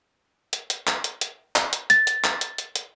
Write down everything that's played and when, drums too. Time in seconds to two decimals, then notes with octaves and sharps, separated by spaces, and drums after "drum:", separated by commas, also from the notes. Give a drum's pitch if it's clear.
0.53 drum: hi-hat
0.70 drum: hi-hat
0.87 drum: clap
1.04 drum: hi-hat
1.21 drum: hi-hat
1.56 drum: clap
1.73 drum: hi-hat
1.90 A6, drum: hi-hat
2.07 drum: hi-hat
2.24 drum: clap
2.41 drum: hi-hat
2.58 drum: hi-hat
2.76 drum: hi-hat